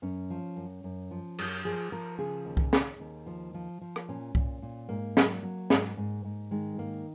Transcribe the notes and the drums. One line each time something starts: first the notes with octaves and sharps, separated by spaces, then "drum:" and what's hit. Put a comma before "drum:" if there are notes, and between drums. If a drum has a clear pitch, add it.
F#2 C#4
F3
F#2
F#2
F3
F#2, drum: cymbal
F3 G#4
F3 A#4
C#3 G#4
D#2
drum: kick C2
D#2, drum: snare
D#2
F3
F3
F3
drum: rim click
A#2 C#4
A#2, drum: kick C2
A#2
G#2 A#3
F#3, drum: snare
F#3
G#2, drum: snare
G#2
G#2
D#3 G#3
G#2 A#3